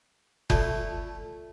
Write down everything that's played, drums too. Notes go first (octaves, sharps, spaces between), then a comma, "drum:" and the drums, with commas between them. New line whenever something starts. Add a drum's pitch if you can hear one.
A3 F4 D5 A5, drum: kick F#1